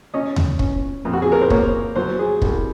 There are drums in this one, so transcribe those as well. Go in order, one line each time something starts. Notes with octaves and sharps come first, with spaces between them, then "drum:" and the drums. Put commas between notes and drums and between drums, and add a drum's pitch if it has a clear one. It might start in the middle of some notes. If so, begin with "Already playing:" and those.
C#4 D#5
drum: tom D#2
C#4, drum: kick
F2
F#4
G#4
A#4
C5
A#3 C#5, drum: kick
F#3 C5
G#4
C2, drum: kick